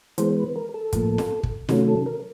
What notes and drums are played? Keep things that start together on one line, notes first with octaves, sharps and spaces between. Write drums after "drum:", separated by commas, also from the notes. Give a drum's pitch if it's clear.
E3 G#3 B3 C5, drum: hi-hat
B4
A#4
A4
A2 F3 A#3, drum: kick, hi-hat
drum: snare
drum: kick
C3 D#3 F#3 A3 C#4, drum: snare
A4
A#4